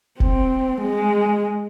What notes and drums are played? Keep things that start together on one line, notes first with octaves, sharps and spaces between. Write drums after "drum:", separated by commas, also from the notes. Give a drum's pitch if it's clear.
C4, drum: kick F1
G#3